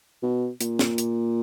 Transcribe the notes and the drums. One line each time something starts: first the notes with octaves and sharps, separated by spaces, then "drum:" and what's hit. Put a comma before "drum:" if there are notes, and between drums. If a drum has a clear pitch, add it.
B2
A#2, drum: hi-hat
drum: snare
drum: hi-hat